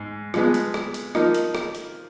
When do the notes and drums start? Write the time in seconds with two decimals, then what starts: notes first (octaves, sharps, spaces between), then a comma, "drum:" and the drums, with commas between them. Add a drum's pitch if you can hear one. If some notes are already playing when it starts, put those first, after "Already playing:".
Already playing: G#2
0.34 F3 G#3 B3, drum: rim click
0.54 drum: hi-hat
0.74 drum: rim click
0.94 drum: hi-hat
1.15 F3 A#3 D#4, drum: rim click
1.34 drum: hi-hat
1.55 drum: rim click
1.75 drum: hi-hat